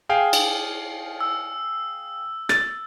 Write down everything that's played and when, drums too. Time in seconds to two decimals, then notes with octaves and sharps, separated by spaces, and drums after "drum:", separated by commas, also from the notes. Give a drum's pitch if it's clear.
0.09 G#4 F5 G5
0.33 drum: cymbal
1.20 E6
2.49 A6, drum: rim click